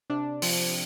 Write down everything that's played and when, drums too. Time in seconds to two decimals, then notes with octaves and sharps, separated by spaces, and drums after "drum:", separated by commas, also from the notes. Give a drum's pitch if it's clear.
0.10 C3 D4
0.42 F3 C4, drum: open hi-hat